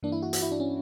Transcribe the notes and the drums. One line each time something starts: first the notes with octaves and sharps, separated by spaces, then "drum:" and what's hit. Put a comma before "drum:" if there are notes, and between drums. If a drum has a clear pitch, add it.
G2 E3 A#3 D4
E4
F#4
F#4, drum: hi-hat
E4
D4
C#4